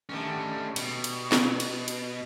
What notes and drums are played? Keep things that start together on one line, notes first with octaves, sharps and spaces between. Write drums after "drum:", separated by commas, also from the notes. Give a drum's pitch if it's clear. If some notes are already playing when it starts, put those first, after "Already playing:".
D3 D#3 G3 A3 C#4
B2, drum: cymbal
drum: cymbal
drum: snare
drum: cymbal
drum: cymbal